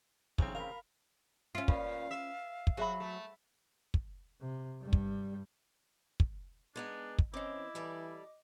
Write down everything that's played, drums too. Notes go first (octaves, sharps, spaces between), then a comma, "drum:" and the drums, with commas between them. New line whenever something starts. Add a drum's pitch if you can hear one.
B1 E2 C#3 C4 C#6, drum: kick
A#4 F5 B5
C#4 F4 E5
A#2 B4 F5, drum: kick
E5
drum: kick
F#3 F#4 G#4 E5 B5
A3
drum: kick
C3
G2 G3
drum: kick
drum: kick
G#3 B3 D4 D#4
drum: kick
E3 C4 C#4 E4 D#5 D6
E3 G3 A3 D5